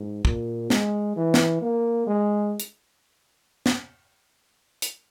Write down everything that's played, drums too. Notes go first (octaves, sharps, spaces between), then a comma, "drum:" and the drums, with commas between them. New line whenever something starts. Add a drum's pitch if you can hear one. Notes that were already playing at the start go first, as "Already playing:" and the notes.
Already playing: G#2
A#2, drum: kick
G#3, drum: snare
E3
drum: snare
A#3
G#3
drum: hi-hat
drum: snare
drum: hi-hat